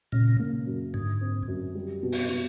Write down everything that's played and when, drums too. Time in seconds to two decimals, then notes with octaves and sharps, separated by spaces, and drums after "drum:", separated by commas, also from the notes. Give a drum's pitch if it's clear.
0.12 A#2 C#3
0.39 A#3
0.67 F#2
0.94 G#2 D3
1.21 C4
1.48 F#2
1.75 G3
2.03 B2
2.12 drum: open hi-hat
2.29 B2